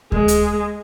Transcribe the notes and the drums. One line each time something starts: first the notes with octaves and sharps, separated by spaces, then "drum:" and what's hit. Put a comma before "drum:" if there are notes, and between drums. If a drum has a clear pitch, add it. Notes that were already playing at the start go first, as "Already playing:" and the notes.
G#3, drum: kick D2
drum: hi-hat